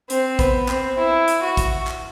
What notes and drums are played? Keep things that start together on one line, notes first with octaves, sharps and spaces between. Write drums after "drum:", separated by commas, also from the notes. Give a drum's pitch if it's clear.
C4, drum: hi-hat
B3, drum: kick A1, hi-hat
C4, drum: clap
E4
drum: hi-hat
F#4
drum: kick A1, hi-hat
drum: clap